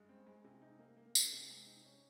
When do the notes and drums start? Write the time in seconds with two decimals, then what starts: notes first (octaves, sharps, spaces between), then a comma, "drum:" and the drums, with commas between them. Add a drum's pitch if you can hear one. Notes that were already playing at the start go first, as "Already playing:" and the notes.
Already playing: G2 G#3
0.09 C4
0.27 G#3
0.44 C3
0.62 D#4
0.79 A#3
0.97 A#3
1.15 D#4, drum: tambourine
1.33 C3
1.50 G#3
1.67 D#4
1.85 C#4